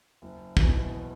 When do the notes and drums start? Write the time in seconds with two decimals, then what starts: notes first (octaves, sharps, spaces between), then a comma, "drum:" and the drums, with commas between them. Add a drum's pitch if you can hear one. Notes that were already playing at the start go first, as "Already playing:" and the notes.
0.22 F#1
0.57 E2 B2 F#3 B3, drum: kick